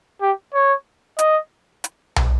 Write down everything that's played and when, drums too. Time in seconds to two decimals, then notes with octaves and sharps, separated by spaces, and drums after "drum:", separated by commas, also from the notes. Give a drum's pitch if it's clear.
0.22 G4
0.54 C#5
1.19 D#5, drum: hi-hat
1.84 drum: hi-hat
2.16 drum: tom B1